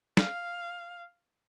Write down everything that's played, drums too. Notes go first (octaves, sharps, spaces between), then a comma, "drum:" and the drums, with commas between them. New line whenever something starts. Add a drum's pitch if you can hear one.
F5, drum: snare